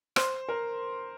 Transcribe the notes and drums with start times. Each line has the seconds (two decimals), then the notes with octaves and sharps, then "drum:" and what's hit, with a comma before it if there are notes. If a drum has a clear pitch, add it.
0.16 C5, drum: rim click
0.49 A#4